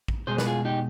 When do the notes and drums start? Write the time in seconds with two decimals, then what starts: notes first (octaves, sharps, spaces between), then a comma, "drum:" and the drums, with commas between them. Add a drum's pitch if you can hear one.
0.08 drum: kick
0.27 B2 G#3 G#4 C5
0.38 B4, drum: snare
0.46 F4 G#4
0.65 D#4 G4